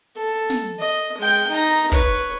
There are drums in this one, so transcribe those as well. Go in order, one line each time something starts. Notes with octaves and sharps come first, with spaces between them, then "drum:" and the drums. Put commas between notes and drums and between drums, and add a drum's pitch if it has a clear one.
A4
drum: snare
D#5
G#3 G5
D#4 A#5
B4 C#5, drum: kick